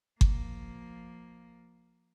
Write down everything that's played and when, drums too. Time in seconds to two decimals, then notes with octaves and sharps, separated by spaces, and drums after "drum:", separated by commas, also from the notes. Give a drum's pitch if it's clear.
0.21 F3 A#3, drum: kick G1